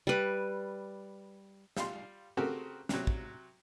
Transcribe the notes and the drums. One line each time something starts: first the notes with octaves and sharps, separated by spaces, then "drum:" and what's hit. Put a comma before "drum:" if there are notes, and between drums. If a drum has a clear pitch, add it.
G3 B4
G3 F4 F5 C6, drum: snare
C#3 A3 C4 F#4 G4 A#4
C3 F#3, drum: snare
drum: kick